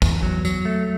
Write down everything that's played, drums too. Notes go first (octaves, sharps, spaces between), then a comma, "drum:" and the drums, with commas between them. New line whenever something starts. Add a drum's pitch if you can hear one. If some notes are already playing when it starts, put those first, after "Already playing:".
E2, drum: kick, tambourine
F#3
F#3, drum: tambourine
A3